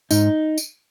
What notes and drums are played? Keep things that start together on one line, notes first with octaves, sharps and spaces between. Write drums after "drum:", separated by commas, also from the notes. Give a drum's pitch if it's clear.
G#2 D#4, drum: tambourine
drum: tambourine